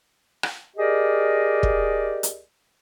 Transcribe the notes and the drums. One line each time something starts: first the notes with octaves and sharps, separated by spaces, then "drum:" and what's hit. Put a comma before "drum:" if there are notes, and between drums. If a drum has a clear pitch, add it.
drum: rim click
G4 G#4 A#4 D5 D#5
drum: kick
drum: hi-hat